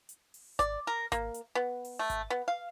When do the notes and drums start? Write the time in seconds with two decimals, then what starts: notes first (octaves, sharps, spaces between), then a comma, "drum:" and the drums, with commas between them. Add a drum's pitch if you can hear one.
0.09 drum: hi-hat
0.34 drum: open hi-hat
0.59 D5, drum: kick G#1, hi-hat
0.87 A#4
1.12 A#3, drum: kick G#1, hi-hat
1.34 drum: hi-hat
1.55 B3
1.85 drum: open hi-hat
1.99 A3
2.10 drum: kick G#1, hi-hat
2.30 B3
2.48 F5